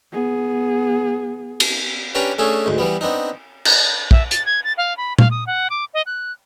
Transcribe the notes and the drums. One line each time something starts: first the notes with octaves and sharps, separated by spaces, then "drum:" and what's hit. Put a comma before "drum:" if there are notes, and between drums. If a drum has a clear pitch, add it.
B3 G#4
drum: cymbal
C#4 D4 G4 B4 D5 A#5
A3 C#4 D4 G#4 A4
D2 G#2
E3 G3 B3
B3 C4 D4 D#4
drum: cymbal
E5, drum: kick
A6, drum: hi-hat
G#6
A6
F5
B5
F5, drum: tom
D#6
F#5
D6
D#5
F#6